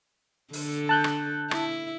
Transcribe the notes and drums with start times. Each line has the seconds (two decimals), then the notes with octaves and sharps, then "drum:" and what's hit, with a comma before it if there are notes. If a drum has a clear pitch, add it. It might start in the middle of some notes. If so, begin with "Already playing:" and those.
0.53 D3 A4, drum: open hi-hat
0.89 A5 F#6 G6
1.04 drum: rim click
1.51 E4, drum: rim click